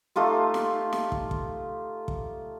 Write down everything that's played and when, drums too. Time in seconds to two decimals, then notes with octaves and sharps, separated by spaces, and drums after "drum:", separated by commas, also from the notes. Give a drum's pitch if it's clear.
0.16 A3 D#4 F4 G4
0.54 drum: snare
0.93 drum: snare
1.12 drum: kick
1.31 drum: kick
2.08 drum: kick